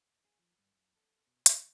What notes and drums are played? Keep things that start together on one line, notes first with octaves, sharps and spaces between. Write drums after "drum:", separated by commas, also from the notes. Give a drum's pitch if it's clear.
G#4
F3
G2
F#2
A4
B2
D3, drum: hi-hat